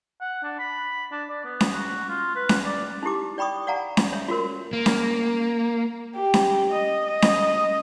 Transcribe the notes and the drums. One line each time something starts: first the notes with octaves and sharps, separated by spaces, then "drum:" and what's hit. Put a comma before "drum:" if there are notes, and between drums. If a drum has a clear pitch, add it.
F#5
D4
B5
D4
D5
B3
drum: snare C#4
F#4
F4
B4
drum: snare C#4
D5
D#4 E4 G4 D6
D5 G5 B5 C#6 D#6
D5 F5 F#5 G#5 A#5
drum: snare C#4
C#5 E5
F4 F#4 A#4 C5
A#3
drum: snare C#4
G4
drum: snare C#4
D#5
D#5
drum: snare C#4